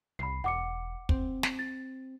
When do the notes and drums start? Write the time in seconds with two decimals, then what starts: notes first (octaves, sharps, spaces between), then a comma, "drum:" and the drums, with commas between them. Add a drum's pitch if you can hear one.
0.19 C2 B5 C7
0.44 E1 F#5 D6 C#7
1.09 C4, drum: kick
1.43 drum: snare
1.59 A6